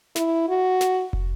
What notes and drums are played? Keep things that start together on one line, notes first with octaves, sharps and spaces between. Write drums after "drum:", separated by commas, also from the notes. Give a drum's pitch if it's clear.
E4, drum: snare
F#4
drum: snare
drum: kick